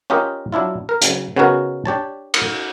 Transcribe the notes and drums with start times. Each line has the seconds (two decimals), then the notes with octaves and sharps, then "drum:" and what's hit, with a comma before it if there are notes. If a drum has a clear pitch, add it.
0.10 C#4 F4 G4 A#4 D#5
0.52 F#3 D4 E4 F4
0.89 A#4
1.02 C#3 F#3, drum: hi-hat
1.36 C#3 B3 C#4 D#4 F#4 A#4
1.85 D4 G4 C#5 A5
2.34 drum: cymbal